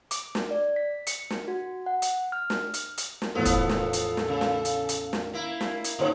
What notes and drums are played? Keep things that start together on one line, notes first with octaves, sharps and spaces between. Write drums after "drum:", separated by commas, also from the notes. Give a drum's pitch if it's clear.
D6, drum: hi-hat
drum: snare
D5
B6
C#7, drum: hi-hat
drum: snare
F#4
F#5
drum: hi-hat
F6
drum: snare
drum: hi-hat
drum: hi-hat
drum: snare
E2 A2 F3 B3 A4
drum: kick, hi-hat
drum: snare
drum: hi-hat
drum: snare
C#3
drum: snare
drum: hi-hat
drum: hi-hat
drum: snare
A#3 E4
drum: snare
drum: hi-hat
A2 D3 D#4 C#5